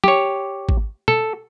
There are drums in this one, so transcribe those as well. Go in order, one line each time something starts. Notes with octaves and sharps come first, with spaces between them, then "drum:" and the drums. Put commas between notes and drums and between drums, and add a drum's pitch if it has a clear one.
G4 C#5, drum: tom
drum: kick G#1
A4, drum: tom